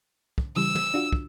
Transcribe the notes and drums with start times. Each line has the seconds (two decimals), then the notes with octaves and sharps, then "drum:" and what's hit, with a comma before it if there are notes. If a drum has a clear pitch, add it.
0.38 drum: kick
0.56 C#3 E3 G3 E6
0.75 drum: tom
0.94 D4 F4 F#4
1.13 drum: kick